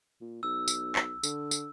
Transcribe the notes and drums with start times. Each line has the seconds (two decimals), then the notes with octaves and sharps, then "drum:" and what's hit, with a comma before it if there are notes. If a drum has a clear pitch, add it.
0.21 A#2
0.43 B1 E6
0.68 drum: tambourine
0.96 drum: clap
1.23 D3, drum: tambourine
1.51 drum: tambourine